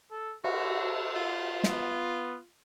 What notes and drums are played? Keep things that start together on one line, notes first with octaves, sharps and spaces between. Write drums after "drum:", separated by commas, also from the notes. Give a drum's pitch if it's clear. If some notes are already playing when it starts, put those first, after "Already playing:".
A4
F#4 A4, drum: cymbal
F4
B3, drum: snare